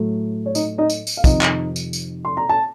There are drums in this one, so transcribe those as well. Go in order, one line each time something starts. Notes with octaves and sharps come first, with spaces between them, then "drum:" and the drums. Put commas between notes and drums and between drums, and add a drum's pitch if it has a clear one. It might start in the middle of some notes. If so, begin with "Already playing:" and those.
Already playing: A2 F#3 A3
C#5
D#4 D#5, drum: tambourine
D#4 D#5
drum: tambourine
drum: tambourine
F5
F2 C3 D#3 D#4 D#5, drum: kick, tambourine
drum: clap
drum: tambourine
drum: tambourine
C6
A#5
A5